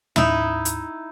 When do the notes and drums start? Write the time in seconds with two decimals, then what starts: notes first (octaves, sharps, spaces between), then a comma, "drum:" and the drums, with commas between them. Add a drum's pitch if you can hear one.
0.16 D#4 E4, drum: tom
0.65 drum: hi-hat